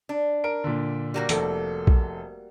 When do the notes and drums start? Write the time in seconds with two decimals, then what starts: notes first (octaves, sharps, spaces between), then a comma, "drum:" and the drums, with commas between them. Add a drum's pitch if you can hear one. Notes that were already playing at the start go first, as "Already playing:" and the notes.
0.09 D4
0.44 A#4 D7
0.64 A#2 D3
1.14 G3 A#3 F#4
1.29 F1 A4, drum: hi-hat
1.87 drum: kick A#1